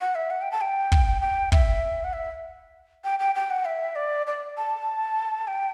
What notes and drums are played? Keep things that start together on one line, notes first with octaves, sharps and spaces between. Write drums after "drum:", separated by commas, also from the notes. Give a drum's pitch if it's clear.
F#5
E5
F#5
G5
A5
G5
drum: kick
G5
E5, drum: kick
F#5
E5
G5
G5
G5
F#5
E5
D5
D5
A5
G5